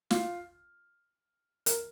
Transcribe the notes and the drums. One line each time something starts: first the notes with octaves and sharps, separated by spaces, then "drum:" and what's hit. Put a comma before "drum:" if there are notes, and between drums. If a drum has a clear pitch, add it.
F4, drum: snare
A#4, drum: hi-hat